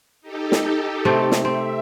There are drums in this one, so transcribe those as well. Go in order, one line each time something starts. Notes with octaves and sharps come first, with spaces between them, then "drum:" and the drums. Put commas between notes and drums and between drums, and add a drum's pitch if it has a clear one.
D#4 G4 A4
drum: snare
C3 A3 C4
drum: snare
C4 E5